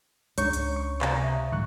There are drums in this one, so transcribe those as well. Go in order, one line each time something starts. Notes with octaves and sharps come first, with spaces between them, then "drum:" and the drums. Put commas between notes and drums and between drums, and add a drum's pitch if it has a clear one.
C#2 G#2 C#4 D4 C#5 A#5 C#6, drum: hi-hat
drum: hi-hat
C#6
C3 F5 A#5 D#6, drum: clap
E5
A2 D3 F#3 G#3 C#6 F#6